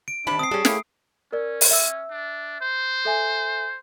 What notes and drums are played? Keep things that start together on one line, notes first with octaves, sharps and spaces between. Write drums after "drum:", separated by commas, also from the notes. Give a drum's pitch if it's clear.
D7
C3 D#3 G3 D4 A5 B5
C4 D#6 C7
G3 C#4 G#4 A4 G5
A3 A#3 C#4 E4, drum: snare
C#4 A#4 D5
drum: open hi-hat
E5 E6
D4
C5
A4 E5 G#5